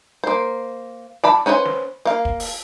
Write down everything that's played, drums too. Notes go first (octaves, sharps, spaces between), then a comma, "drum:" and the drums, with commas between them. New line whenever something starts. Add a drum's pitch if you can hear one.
A#3 C5
D5 A5 B5, drum: snare
C#4 B4 C5 D#5 G#5
drum: snare
A#3 F5
drum: kick
drum: open hi-hat